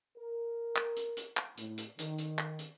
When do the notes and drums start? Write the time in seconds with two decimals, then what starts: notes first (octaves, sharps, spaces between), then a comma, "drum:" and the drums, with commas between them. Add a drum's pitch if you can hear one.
0.18 A#4
0.76 drum: clap
0.96 drum: hi-hat
1.17 drum: hi-hat
1.37 drum: clap
1.57 A2, drum: hi-hat
1.78 drum: hi-hat
1.99 D#3, drum: hi-hat
2.18 drum: hi-hat
2.38 drum: clap
2.59 drum: hi-hat